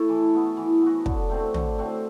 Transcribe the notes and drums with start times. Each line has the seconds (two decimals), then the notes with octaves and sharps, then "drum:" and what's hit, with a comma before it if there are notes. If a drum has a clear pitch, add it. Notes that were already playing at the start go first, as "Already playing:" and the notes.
Already playing: A3 E4 A4
0.09 E3
0.34 B3 F#4
0.57 E3
0.82 B3 F#4
1.06 D3, drum: kick
1.30 A3 C4 F#4
1.54 D3, drum: tom
1.78 A3 C4 F#4